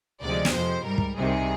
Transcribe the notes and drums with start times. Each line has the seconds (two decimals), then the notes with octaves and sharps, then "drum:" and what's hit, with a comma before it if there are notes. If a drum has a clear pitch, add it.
0.22 D2 C3 F3 G#3 D5
0.45 drum: snare
0.54 F2 C3 F3 C5
0.85 G#2 G3 A#4
0.98 drum: kick
1.17 C2 C3 D#3 G3 G#4